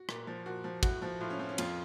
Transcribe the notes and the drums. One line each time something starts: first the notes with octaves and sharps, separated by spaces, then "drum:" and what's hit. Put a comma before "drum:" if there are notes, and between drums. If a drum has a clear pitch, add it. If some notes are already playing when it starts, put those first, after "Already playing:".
Already playing: F#4
A#2, drum: rim click
F3
A#2 F#4
F3
A2 F#4, drum: kick, cymbal
F3
A2 F4
C#4
F3 C4
C#4
F2 F4, drum: cymbal